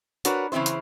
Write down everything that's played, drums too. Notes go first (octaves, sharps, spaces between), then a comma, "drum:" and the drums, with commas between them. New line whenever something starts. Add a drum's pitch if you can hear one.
D4 F#4 A#4 B4 C#5, drum: hi-hat
C#3 E3 C4 E4 C5
drum: hi-hat